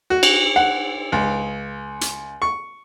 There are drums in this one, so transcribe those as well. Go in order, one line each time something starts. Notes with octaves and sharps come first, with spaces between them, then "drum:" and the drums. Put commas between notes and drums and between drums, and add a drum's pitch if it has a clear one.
F#4
drum: cymbal
F#5
C#2
drum: hi-hat
C#6